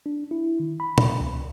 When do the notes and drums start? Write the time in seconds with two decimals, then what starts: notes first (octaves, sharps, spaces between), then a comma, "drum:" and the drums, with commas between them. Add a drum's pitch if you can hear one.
0.06 D4
0.31 E4
0.60 D#3
0.80 B5
0.98 drum: tom
1.21 C#2